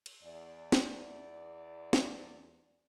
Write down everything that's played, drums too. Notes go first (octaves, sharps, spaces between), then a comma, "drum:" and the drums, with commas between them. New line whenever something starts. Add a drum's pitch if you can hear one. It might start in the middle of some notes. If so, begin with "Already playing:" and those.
drum: cymbal
E2 D5
drum: snare
drum: snare